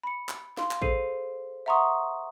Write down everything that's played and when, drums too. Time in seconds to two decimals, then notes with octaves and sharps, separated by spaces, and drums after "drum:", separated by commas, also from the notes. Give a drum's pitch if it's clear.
0.04 B5 C#7
0.29 drum: clap
0.57 F5 C6, drum: snare
0.71 drum: clap
0.82 G#4 A4 C5 C7 D#7, drum: kick A1
1.66 E5 F#5 A#5 C6 C#6 D#6